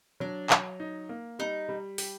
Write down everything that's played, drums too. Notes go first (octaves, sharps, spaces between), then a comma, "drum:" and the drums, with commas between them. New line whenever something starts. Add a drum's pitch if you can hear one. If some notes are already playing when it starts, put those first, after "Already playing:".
F#3 D4
F#3, drum: clap
D#4
A#3
G3 D#4
G3
G4, drum: open hi-hat